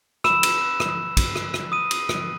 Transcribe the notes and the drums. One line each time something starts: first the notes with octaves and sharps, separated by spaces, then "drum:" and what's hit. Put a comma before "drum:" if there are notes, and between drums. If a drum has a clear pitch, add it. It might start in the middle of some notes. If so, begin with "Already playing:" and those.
B5 E6 E7, drum: rim click
drum: cymbal
F#6
drum: rim click
B5
drum: kick, cymbal
F#6, drum: rim click
drum: rim click
B5 D#6 D#7
drum: cymbal
F#6, drum: rim click